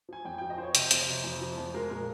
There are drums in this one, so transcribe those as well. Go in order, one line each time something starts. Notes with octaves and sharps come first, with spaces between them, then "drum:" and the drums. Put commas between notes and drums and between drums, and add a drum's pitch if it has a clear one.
F3 G#5
F2 G5
F3 G5
D#5
F3 C5 C#5
C3 C5, drum: hi-hat
F2, drum: hi-hat
C3
F2
F3
F2
G#3 A#4
A#2 A#4